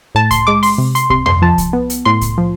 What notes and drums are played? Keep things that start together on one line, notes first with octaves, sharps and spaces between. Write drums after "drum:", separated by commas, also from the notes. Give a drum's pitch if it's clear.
A2 A5
C6, drum: kick C2, hi-hat
G#3 D6
C6, drum: open hi-hat
C3
C6, drum: hi-hat
C3 C6, drum: kick C2
C6, drum: tom F2
F3 A5
drum: kick C2, hi-hat
B3
drum: hi-hat
A2 C6
drum: kick C2, hi-hat
F3